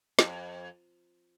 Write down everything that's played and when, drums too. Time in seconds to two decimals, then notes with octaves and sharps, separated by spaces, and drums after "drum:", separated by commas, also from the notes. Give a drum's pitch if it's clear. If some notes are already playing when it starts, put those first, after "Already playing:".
0.19 F2, drum: snare